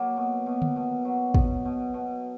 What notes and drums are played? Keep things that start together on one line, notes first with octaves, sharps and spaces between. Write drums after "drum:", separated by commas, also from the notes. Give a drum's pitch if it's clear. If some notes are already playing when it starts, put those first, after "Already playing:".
Already playing: F#3 A#3
B2
B2
drum: tom D3
B2
F#3
B2, drum: kick
B2
B2